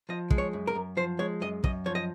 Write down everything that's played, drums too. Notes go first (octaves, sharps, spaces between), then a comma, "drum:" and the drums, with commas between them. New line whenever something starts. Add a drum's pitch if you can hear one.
F3 D#5
G#3, drum: kick
C#5
F#2
A#4
F#2
F3 C5
G#3 C#5
F#2 D#5
F#2 D#5, drum: kick
F3 C#5
D#5